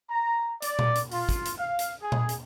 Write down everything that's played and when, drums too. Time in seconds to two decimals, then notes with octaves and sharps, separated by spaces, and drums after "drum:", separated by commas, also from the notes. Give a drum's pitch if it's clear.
0.10 A#5
0.62 D5, drum: hi-hat
0.79 drum: tom A#2
0.95 drum: hi-hat
1.11 F4, drum: open hi-hat
1.29 drum: kick, hi-hat
1.45 drum: hi-hat
1.57 F5
1.79 drum: hi-hat
2.01 G#4
2.12 drum: tom A#2
2.29 drum: hi-hat